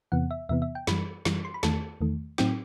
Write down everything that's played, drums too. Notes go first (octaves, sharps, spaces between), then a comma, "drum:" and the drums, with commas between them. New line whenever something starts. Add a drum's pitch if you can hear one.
E2 C3 E3 B3 F#5
E5
E2 C3 E3 B3 E5
E5
G5
F#2 E3 G3 B5, drum: snare
F#2 E3 G3, drum: snare
C6
B5
E2 D#3 A3 A5, drum: snare
E2 D#3 A3
A2 F#3 C4 D#4 G5, drum: snare